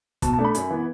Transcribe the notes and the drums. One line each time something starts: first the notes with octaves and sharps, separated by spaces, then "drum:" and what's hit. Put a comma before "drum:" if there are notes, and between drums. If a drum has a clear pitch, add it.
B2 A5, drum: kick, hi-hat
A5
A3 D4
B5
F#2, drum: hi-hat
E3 B3